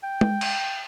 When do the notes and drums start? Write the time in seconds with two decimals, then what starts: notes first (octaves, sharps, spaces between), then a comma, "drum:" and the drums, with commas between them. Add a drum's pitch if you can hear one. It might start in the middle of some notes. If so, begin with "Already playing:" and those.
0.03 G5
0.21 drum: tom
0.41 drum: cymbal